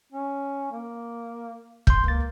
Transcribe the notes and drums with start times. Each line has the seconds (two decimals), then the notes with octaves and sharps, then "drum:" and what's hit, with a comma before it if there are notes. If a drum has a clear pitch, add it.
0.12 C#4
0.72 A#3
1.87 C6 G6, drum: kick
2.04 C#2 A#3 A6